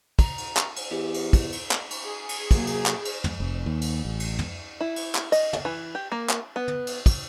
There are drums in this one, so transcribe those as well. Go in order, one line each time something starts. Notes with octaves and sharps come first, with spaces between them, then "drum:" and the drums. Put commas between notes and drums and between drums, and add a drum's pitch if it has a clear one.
A#5, drum: kick, cymbal
drum: cymbal
drum: clap
drum: cymbal
E2 G4
drum: cymbal
drum: kick, cymbal
drum: cymbal
drum: clap
drum: cymbal
G#4
drum: cymbal
C3 F#3 A#3, drum: kick, cymbal
drum: cymbal
drum: clap
drum: cymbal
drum: tom
F1
D#2
drum: cymbal
A1
drum: cymbal
drum: tom
E4
drum: cymbal
drum: clap
D#5, drum: cymbal
drum: tom
E3
G4
A#3
drum: clap
B3
drum: tom
drum: cymbal
drum: kick, cymbal